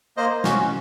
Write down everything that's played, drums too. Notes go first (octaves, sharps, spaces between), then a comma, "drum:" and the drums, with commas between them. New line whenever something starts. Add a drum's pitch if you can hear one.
A#3 C5 D#5
C#4 F#4, drum: snare